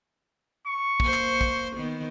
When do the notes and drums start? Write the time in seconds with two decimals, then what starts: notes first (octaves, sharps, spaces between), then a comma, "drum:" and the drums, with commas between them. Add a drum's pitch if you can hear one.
0.66 C#6
1.00 A#3 C5, drum: kick
1.13 drum: clap
1.41 drum: kick
1.77 D#3 B3